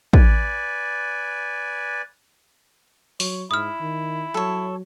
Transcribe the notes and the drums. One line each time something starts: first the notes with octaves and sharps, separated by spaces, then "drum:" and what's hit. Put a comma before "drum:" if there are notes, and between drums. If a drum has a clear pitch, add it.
B4 D5 G#5, drum: kick
F#3 C#5, drum: open hi-hat
G#2 E4 D#6 F6
D#3
F#3 A4 C#5